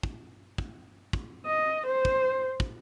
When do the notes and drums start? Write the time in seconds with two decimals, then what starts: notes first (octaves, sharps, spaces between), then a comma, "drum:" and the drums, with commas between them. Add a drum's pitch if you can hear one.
0.03 drum: kick
0.58 drum: kick
1.13 drum: kick
1.45 D#5
1.87 C5
2.05 drum: kick
2.60 drum: kick